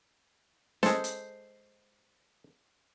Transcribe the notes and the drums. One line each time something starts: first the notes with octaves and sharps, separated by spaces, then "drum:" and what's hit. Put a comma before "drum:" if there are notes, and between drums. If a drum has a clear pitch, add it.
G#3 A4 C5, drum: snare
drum: hi-hat